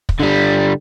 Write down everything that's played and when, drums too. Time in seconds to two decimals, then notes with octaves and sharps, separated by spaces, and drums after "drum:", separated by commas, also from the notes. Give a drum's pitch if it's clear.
0.09 drum: kick
0.20 D3 G3